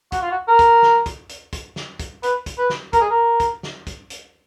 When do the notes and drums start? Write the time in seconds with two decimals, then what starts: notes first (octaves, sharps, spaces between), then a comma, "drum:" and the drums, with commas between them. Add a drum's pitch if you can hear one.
0.12 F#4, drum: kick, hi-hat
0.22 F4
0.31 F#4
0.48 A#4
0.59 drum: kick, hi-hat
0.83 drum: snare
1.06 drum: kick, hi-hat
1.29 drum: hi-hat
1.53 drum: kick, hi-hat
1.76 drum: snare
2.00 drum: kick, hi-hat
2.23 B4, drum: hi-hat
2.46 drum: kick, hi-hat
2.58 B4
2.70 drum: snare
2.93 A#4, drum: kick, hi-hat
3.01 G#4
3.10 A#4
3.40 drum: kick, hi-hat
3.63 drum: snare
3.87 drum: kick, hi-hat
4.10 drum: hi-hat